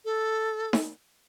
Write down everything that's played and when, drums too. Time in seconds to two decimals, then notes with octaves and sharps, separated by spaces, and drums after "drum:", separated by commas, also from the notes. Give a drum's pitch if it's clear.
0.05 A4
0.73 drum: snare D#4